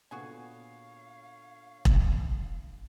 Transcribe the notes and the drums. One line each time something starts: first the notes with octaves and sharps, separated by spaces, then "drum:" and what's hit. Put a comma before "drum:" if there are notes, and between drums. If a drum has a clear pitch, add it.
A#2 D3 B3 F#4 G#4 C#5 F5 G#5
drum: kick E1